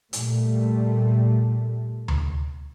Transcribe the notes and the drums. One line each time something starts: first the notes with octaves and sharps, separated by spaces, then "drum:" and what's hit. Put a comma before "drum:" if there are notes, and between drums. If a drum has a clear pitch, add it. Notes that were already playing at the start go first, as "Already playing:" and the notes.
A#2 G3 A3, drum: hi-hat
drum: tom D2